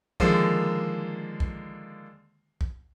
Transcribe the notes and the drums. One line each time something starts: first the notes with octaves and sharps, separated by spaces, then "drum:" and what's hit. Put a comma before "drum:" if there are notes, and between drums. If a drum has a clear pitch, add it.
D3 D#3 F3 G#3 A#3, drum: kick C2
drum: kick C2
drum: kick C2